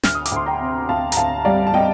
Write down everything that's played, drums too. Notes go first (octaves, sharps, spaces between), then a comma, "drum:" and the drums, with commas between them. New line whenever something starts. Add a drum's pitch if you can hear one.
D2 F6, drum: snare
D#6
D6, drum: hi-hat
D2 C6
G5 A#5
C3
D2 F5 A5
A#5, drum: hi-hat
D2 F5 A5
G3 D5 F5
A5
G3 D#5 G5